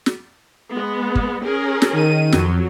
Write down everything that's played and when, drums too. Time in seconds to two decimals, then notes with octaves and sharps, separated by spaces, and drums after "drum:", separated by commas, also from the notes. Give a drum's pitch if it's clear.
0.06 drum: snare
0.74 G#3 B3
1.15 drum: kick
1.44 C#4 G#4 A#4
1.82 drum: snare
1.93 D#3 D#7
2.32 F2 F#3, drum: snare